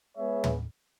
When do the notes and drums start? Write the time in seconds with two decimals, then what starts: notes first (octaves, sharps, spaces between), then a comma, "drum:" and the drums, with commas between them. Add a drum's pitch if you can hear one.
0.18 G#3 B3 G#4 C#5 E5
0.44 drum: tom